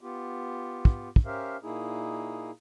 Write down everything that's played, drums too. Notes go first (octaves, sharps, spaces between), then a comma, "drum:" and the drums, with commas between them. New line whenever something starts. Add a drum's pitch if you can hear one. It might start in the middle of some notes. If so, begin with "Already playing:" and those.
B3 F4 G4
drum: kick
drum: kick
C#4 G4 A#4 C5 E5 F5
A#2 A#3 D#4 E4 G#4